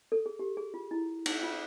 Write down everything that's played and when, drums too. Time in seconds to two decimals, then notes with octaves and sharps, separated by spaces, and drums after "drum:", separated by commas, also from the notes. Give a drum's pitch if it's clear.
0.12 A4
0.26 G#4
0.39 G4
0.57 G#4
0.74 F4
0.91 E4
1.26 D#4, drum: cymbal
1.43 F4